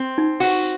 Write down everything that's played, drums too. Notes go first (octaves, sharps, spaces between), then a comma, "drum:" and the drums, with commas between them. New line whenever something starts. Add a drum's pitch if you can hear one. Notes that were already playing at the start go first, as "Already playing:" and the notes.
Already playing: C4
D#4
F#4, drum: open hi-hat